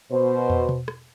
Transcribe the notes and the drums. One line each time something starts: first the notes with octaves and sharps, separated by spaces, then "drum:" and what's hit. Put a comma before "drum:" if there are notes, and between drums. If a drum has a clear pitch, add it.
B2 C5
drum: tom
drum: tom B2
drum: rim click